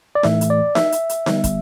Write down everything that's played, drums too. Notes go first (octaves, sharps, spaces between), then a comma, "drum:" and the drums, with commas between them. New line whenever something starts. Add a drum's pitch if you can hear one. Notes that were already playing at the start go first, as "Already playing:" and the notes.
D5
A2 E3 A3 E5, drum: snare D#4
drum: hi-hat
D5
E5, drum: snare D#4
drum: hi-hat
drum: hi-hat
D3 G3 B3, drum: snare D#4
drum: kick, hi-hat